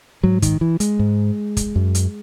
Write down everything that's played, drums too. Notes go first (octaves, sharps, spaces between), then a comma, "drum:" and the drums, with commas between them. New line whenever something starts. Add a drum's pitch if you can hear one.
G#2 F#3
D#3, drum: kick, hi-hat
E3
G#3, drum: hi-hat
G#2
drum: kick, hi-hat
F#2
drum: hi-hat